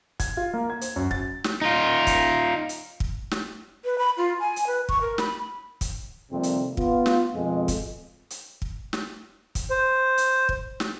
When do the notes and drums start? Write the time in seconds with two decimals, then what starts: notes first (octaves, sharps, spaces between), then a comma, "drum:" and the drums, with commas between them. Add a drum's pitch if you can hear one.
0.20 G#6, drum: kick, hi-hat
0.37 F4
0.53 A#3
0.70 G#6
0.81 C5, drum: hi-hat
0.96 F#2
1.11 A6, drum: kick
1.44 drum: snare
1.62 D#4 F4
2.07 drum: kick, hi-hat
2.69 drum: hi-hat
3.00 drum: kick
3.31 drum: snare
3.85 B4
3.98 B5
4.17 F4
4.40 G#5
4.56 drum: hi-hat
4.67 B4
4.89 C#6, drum: kick
5.01 A#4
5.18 B5, drum: snare
5.81 drum: kick, hi-hat
6.31 F2 C3 D#3 G3 A#3 C4
6.43 drum: hi-hat
6.77 B3 F4, drum: kick
7.06 drum: snare
7.34 F2 B2 G#3
7.68 drum: kick, hi-hat
8.30 drum: hi-hat
8.62 drum: kick
8.93 drum: snare
9.55 drum: kick, hi-hat
9.70 C5
10.18 drum: hi-hat
10.49 drum: kick
10.80 drum: snare